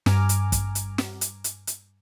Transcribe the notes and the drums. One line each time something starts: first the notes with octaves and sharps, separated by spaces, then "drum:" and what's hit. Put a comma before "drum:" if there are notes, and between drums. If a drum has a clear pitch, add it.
G2 G#5 A#5 D6 F6, drum: snare
drum: hi-hat
drum: kick, hi-hat
drum: hi-hat
drum: snare
drum: hi-hat
drum: hi-hat
drum: hi-hat